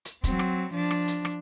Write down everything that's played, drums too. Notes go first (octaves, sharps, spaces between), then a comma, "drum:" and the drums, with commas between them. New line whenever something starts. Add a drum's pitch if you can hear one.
drum: hi-hat
F#3 C4, drum: kick, hi-hat
drum: rim click
F3 D4
drum: rim click
drum: hi-hat
drum: rim click